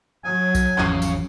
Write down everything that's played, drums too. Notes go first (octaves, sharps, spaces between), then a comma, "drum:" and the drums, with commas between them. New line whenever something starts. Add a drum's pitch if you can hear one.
F#3 G#5
drum: kick B1, tambourine
G#1 E2 C#3 F3, drum: clap
drum: tambourine